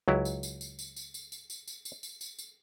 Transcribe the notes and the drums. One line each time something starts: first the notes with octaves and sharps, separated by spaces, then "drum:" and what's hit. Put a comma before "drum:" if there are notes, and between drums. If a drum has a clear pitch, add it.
C#2 F#3 E4
drum: tambourine
drum: tambourine
drum: tambourine
drum: tambourine
drum: tambourine
drum: tambourine
drum: tambourine
drum: tambourine
drum: tambourine
drum: tambourine
drum: tambourine
drum: tambourine
drum: tambourine